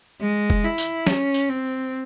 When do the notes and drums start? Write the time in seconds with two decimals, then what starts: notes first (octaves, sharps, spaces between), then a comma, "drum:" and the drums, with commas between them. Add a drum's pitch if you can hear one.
0.21 G#3
0.50 drum: kick F1
0.65 E4
0.78 drum: tambourine
1.07 C#4, drum: snare
1.34 drum: tambourine
1.49 C4